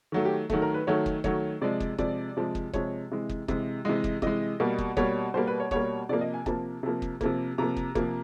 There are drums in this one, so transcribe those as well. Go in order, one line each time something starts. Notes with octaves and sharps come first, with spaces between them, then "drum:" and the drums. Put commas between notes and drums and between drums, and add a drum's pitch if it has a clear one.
D#3 F#3 A3
G4
D#3 F#3 A3, drum: kick
A#4
B4
D#3 F#3 A3 C#5
drum: kick
D#3 F#3 A3 C#5, drum: kick
C3 F3 G#3 D5
drum: kick
C3 F3 G#3 D5, drum: kick
C3 F3 G#3
drum: kick
C3 F3 G#3 C#5, drum: kick
C3 E3 G#3
drum: kick
C3 E3 G#3, drum: kick
C3 E3 G#3 D#5
drum: kick
C3 E3 G#3 D#5, drum: kick
B2 G3 A#3
drum: kick
B2 G3 A#3 C#5, drum: kick
B2 G3 A#3 C5
B4
C#5
B2 G3 A#3 C#5, drum: kick
C3 F3 A#3 D5
D#5
G#5
C3 F3 A#3 A5, drum: kick
C3 F3 A#3
drum: kick
C3 F3 A#3, drum: kick
C3 F3 A#3 A#5
drum: kick
C3 F3 A#3, drum: kick